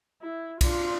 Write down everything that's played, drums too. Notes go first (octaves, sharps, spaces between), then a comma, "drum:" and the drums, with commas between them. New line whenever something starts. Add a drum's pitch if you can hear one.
E4
D4 F4, drum: kick B1, cymbal